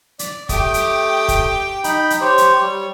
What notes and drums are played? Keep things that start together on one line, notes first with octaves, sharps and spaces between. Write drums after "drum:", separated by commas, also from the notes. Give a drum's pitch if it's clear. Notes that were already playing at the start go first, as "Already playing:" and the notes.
D5, drum: hi-hat
A3 G4 G5 D6 D#6, drum: kick, hi-hat
drum: hi-hat
drum: kick, hi-hat
D#4 G5 B5, drum: hi-hat
drum: hi-hat
G4 C5 C#5
drum: hi-hat
G3